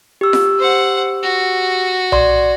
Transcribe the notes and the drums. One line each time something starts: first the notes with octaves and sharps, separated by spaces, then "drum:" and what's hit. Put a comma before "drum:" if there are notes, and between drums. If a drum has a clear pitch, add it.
G4 E6
drum: snare F4
C5 F#5
F#4
D5 C6, drum: tom B1